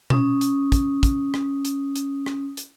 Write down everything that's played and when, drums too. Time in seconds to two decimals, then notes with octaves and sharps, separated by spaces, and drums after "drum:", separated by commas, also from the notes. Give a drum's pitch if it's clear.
0.10 C#4 D#6, drum: tom B2
0.41 drum: hi-hat
0.72 drum: kick, hi-hat
1.03 drum: kick, hi-hat
1.34 drum: rim click
1.65 drum: hi-hat
1.96 drum: hi-hat
2.26 drum: rim click
2.57 drum: hi-hat